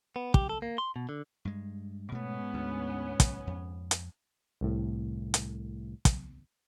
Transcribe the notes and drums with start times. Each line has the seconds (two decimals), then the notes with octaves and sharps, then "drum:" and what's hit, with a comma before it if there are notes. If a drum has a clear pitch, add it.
0.16 B3
0.34 G4, drum: kick
0.49 A4
0.62 A#3
0.78 C6
0.96 B2
1.09 D3
1.45 G2 G#3
2.12 G#2 B2 A3 B3 C#4
2.54 D2
3.20 drum: kick, hi-hat
3.47 F2
3.91 drum: hi-hat
4.61 C2 A2
5.34 drum: hi-hat
6.05 drum: kick, hi-hat